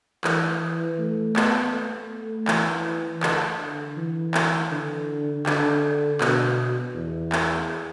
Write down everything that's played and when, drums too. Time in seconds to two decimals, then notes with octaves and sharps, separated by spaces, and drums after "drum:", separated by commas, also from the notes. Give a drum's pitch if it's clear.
0.24 E3, drum: clap
0.99 A3
1.36 B3, drum: clap
1.73 A3
2.48 E3, drum: clap
3.23 D3, drum: clap
3.97 E3
4.34 drum: clap
4.71 D3
5.46 D3, drum: clap
6.21 B2, drum: clap
6.95 E2
7.32 drum: clap